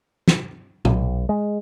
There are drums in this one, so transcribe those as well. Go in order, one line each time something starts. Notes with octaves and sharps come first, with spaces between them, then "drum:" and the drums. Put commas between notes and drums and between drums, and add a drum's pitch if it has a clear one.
drum: snare
B1, drum: tom A#2
G#3